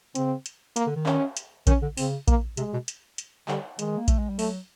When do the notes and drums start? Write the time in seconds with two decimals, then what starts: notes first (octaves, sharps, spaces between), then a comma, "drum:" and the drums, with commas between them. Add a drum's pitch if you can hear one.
0.15 C#3 C4, drum: hi-hat
0.46 drum: hi-hat
0.76 A#3, drum: hi-hat
0.87 D3
0.96 D#3
1.06 C#4, drum: clap
1.37 drum: hi-hat
1.67 D#3 C#4, drum: kick A#1, hi-hat
1.82 D3
1.97 C#3 C4, drum: open hi-hat
2.28 A#3, drum: kick A#1, hi-hat
2.57 C3 G#3, drum: hi-hat
2.73 B2
2.88 drum: hi-hat
3.18 drum: hi-hat
3.48 D3 G3, drum: clap
3.79 D#3 G#3, drum: hi-hat
3.98 A#3
4.08 A3, drum: kick A#1, hi-hat
4.19 G#3
4.29 G3
4.39 F#3 A3, drum: open hi-hat